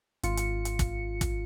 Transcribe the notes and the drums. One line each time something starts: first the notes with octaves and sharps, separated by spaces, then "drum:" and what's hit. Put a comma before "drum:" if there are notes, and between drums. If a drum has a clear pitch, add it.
G#1 F4 C#7, drum: hi-hat
drum: hi-hat
drum: hi-hat
drum: kick, hi-hat
drum: kick, hi-hat